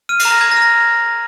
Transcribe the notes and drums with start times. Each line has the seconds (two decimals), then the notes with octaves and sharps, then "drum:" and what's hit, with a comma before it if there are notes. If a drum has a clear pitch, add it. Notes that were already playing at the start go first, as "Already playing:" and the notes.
0.09 F6 D#7
0.20 C7, drum: cymbal
0.25 A#5
0.30 A#6
0.41 A#5 G#6
0.51 A#6
0.57 F6
0.62 A#6